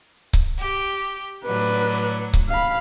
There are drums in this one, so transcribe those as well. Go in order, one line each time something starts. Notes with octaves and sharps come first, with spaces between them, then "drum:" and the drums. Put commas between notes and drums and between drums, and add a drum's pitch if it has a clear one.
drum: kick C#1
G4
A2 F#3 B4 D5
drum: kick C#1
F5 B5